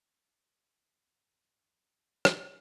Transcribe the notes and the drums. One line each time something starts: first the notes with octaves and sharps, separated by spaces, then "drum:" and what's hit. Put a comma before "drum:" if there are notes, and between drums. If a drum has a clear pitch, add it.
C2 A2 C#3
F1 E2 G2 C3
drum: rim click